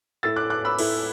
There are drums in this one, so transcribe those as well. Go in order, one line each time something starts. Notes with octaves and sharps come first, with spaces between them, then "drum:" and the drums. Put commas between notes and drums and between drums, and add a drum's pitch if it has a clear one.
A2 A3 E4 E6 A6
D6 F#6
D6 F#6
B5 E6
A2 A3 E4, drum: cymbal